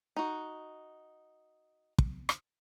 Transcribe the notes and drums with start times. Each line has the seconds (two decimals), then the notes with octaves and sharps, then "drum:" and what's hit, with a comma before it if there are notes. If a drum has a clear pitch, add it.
0.16 D#4 F#4
1.98 drum: kick
2.29 drum: rim click